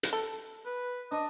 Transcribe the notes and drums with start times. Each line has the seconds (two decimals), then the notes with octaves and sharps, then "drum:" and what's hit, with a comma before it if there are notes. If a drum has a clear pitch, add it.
0.03 drum: hi-hat
0.13 A4
0.66 B4
1.11 D4 D#5